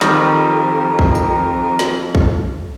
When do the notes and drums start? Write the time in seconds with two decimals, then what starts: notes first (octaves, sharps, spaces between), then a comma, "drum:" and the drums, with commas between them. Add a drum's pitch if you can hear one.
0.01 F2 D#3 G3 A#4, drum: snare
0.99 drum: kick
1.15 drum: tambourine
1.79 drum: snare
2.15 drum: kick